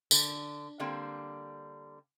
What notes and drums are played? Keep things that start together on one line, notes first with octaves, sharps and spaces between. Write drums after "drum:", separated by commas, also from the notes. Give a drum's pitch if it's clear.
D3, drum: tambourine
D3 G3 A#3 C4